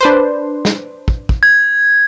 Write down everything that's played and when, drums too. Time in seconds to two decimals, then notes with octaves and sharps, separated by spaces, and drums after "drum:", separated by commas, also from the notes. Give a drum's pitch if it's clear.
0.01 D4 B4 C5
0.65 drum: snare
1.08 drum: kick
1.29 drum: kick
1.43 G#6